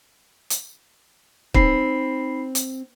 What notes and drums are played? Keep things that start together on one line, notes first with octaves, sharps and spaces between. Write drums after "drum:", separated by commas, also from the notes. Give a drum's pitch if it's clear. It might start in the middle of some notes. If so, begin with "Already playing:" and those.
drum: hi-hat
C4 D#4 B5 C7, drum: kick
drum: hi-hat